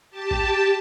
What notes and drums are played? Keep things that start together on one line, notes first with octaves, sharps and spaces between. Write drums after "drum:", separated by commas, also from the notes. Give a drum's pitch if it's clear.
G4 A5
drum: kick A1